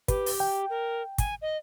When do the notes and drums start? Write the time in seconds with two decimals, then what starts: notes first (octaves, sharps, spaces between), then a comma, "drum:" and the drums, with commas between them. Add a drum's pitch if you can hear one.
0.08 G4 B4, drum: kick, hi-hat
0.26 drum: open hi-hat
0.40 G5
0.70 A#4
1.18 G#5, drum: kick, hi-hat
1.42 D#5